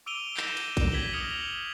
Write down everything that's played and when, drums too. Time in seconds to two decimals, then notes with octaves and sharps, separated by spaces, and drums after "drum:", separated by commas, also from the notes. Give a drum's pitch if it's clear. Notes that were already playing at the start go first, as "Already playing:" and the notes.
0.06 D6 E6 D7 D#7 F7 G7
0.37 G6 A#6 E7, drum: clap
0.57 drum: cymbal
0.77 drum: kick A1, cymbal
0.92 G#6 B6 D#7 F#7 G7
1.13 D#6 F6 G#6 A#6 C#7 F7
1.30 F7 F#7